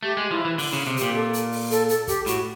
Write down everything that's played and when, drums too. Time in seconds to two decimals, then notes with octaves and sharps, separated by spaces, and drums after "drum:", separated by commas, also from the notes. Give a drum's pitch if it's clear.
0.03 A3 G4
0.17 G#3
0.31 F3 E4
0.45 E3
0.58 D3, drum: open hi-hat
0.73 C#3
0.87 C3
0.97 A#2 G4, drum: hi-hat
1.15 A4
1.33 drum: hi-hat
1.52 drum: open hi-hat
1.70 A4, drum: hi-hat
1.89 A4, drum: hi-hat
2.07 G4, drum: kick, hi-hat
2.26 A2 F#4, drum: hi-hat